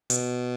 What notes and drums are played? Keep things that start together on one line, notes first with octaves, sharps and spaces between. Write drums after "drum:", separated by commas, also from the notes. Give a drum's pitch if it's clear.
B2, drum: hi-hat